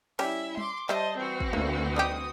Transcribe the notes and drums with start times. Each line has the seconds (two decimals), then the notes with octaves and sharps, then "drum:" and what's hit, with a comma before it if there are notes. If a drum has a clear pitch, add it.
0.19 G3 C#4 E4 G4 E5, drum: cymbal
0.58 C6 D6, drum: tom
0.89 G3 C5 D#5 E5 A5, drum: clap
1.18 E3 C4 F#4
1.40 drum: kick
1.53 D2 A#3
1.96 G3 D#4 G4 D#6